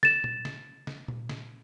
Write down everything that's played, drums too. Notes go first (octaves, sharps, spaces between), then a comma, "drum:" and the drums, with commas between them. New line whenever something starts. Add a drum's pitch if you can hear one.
A6 E7, drum: snare
drum: tom A#2
drum: snare
drum: snare
drum: tom A#2
drum: snare